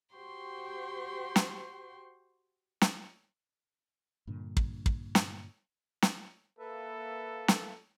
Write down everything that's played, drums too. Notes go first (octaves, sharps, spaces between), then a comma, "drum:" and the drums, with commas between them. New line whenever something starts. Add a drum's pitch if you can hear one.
F#4 G4 C5 G5 C6 C#6
drum: snare
drum: snare
G2 A#2 D3
drum: kick
drum: kick
drum: snare
drum: snare
A#3 A4 B4 E5
drum: snare